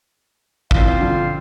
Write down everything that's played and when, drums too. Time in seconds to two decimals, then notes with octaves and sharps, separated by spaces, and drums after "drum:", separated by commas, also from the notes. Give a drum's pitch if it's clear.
0.71 E3 G3 C4 F4 C5 F5, drum: kick
1.00 D3 F3